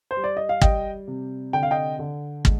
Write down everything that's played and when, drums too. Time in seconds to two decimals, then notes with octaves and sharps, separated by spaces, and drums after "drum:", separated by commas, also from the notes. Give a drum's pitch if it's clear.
0.11 C5
0.16 G3
0.24 D5
0.37 D#5
0.49 F5
0.61 G3 D#5 G5, drum: kick
1.07 C3
1.53 D3 G5
1.63 F5
1.71 D#5 G5
1.99 D3
2.45 G#3, drum: kick